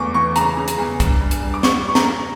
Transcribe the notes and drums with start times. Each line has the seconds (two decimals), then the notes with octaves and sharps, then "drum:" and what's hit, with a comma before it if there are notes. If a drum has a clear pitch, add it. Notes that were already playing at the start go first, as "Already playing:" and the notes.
Already playing: E2 A3 C#6 D6
0.14 E3 C#6
0.36 C#3 A#5, drum: hi-hat
0.57 C#3
0.68 drum: hi-hat
0.78 E2
1.00 G2, drum: kick, hi-hat
1.21 G2
1.31 drum: hi-hat
1.41 G2
1.54 D6
1.63 G3 C#6, drum: snare
1.85 G3 C#6
1.95 A#5, drum: snare
2.05 G3